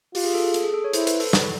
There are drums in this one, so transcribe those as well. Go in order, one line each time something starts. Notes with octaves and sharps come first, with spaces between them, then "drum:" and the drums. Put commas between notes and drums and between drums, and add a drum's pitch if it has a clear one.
F4 G4, drum: open hi-hat
G#4
A4
G#4
A4, drum: hi-hat
G#4
A4
C#5
E4 C5, drum: hi-hat
B4, drum: hi-hat
A4, drum: open hi-hat
drum: snare